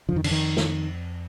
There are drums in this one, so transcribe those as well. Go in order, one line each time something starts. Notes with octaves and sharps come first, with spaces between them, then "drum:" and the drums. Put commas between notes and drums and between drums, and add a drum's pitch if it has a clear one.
D3 F3
F2 D#3
D3, drum: cymbal
D#3
drum: snare